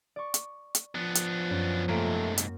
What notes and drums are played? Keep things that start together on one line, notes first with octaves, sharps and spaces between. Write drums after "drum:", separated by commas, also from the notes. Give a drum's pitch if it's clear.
D5 C#6
drum: hi-hat
drum: hi-hat
F3 B3 D4
drum: hi-hat
F#2
G#2 C3 A3 A#3 A#5 D7
drum: hi-hat